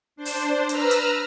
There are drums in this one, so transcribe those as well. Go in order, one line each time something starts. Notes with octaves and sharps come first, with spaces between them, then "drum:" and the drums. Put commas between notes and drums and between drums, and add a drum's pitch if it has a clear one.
D4 C5
drum: open hi-hat
B4 A#5 E6 F6, drum: hi-hat
drum: hi-hat